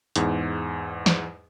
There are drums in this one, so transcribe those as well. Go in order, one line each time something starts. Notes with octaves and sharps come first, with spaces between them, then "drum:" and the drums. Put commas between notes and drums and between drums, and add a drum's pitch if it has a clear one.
E2 G#2, drum: hi-hat
drum: snare